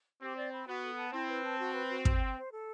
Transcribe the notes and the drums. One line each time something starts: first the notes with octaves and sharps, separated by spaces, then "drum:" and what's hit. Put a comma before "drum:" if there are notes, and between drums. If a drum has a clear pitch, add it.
C4 G4
D5
B5
B3 F#4
A4
A5
C4 E4
B4
A5
F#4
B4
F#4
C5, drum: kick
G5
C5
A4